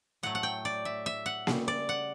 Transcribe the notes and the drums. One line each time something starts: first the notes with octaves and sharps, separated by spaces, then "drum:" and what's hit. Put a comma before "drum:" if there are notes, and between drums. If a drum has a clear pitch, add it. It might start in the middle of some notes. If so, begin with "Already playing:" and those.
A2 F#3 A3 F#5
F#5
G5
D5
E5
E5
F#5
C#3 G3, drum: snare A#3
D5
F#5